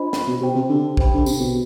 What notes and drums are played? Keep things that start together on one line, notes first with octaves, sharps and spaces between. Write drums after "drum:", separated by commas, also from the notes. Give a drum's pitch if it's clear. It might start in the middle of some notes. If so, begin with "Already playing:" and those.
Already playing: D4 F4 C5 D#5 B5
drum: snare
B2
B2 G4 C5 G5
C3
D3
G4 C5 G5 B5, drum: kick
D3
C3, drum: tambourine
B2